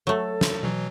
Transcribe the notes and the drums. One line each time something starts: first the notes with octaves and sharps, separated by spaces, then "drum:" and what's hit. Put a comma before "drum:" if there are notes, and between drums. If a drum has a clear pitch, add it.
F#3 A3 A4
drum: snare
B2 E3 F#3